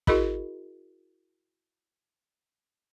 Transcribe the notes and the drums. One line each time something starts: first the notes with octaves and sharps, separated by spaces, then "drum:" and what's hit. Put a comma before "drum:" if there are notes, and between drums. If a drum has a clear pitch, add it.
E4 F#4 G#4 A#4 D#5 B5, drum: kick